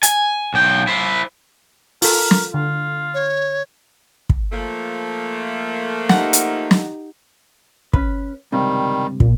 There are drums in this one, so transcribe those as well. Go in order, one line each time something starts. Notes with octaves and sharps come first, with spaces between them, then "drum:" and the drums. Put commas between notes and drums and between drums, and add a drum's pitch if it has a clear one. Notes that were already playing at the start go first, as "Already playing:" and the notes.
G#5, drum: hi-hat
B1 G5
E4 C5
F4 A4 A#4, drum: open hi-hat
drum: snare
D3 F4
C#5
drum: kick
F3 A3 A#3
D#4 G4 F#5, drum: snare
drum: hi-hat
drum: snare
C#4 B4, drum: kick
C#2 G2 C3 D#3 G3
A#2, drum: kick